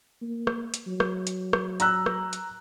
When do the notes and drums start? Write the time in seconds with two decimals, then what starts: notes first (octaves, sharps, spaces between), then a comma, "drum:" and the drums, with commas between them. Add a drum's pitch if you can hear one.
0.22 A#3
0.47 drum: rim click
0.74 drum: hi-hat
0.87 F#3
1.00 drum: rim click
1.27 drum: hi-hat
1.53 drum: rim click
1.80 A#5 E6 F#6, drum: hi-hat
2.06 drum: rim click
2.33 drum: hi-hat